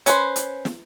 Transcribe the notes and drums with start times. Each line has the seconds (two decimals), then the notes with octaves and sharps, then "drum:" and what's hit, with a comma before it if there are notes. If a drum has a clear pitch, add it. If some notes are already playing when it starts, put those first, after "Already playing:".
0.06 C#4 B4 C5, drum: hi-hat
0.36 drum: hi-hat
0.65 drum: snare